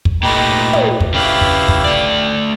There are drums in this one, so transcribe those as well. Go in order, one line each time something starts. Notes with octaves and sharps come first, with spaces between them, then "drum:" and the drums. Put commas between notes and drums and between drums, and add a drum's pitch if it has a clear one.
drum: kick
A#2 A3 D#4 G4 B4
drum: tom
drum: kick
C#3 E4 G4 B4 F5
drum: kick
drum: kick
A3 D5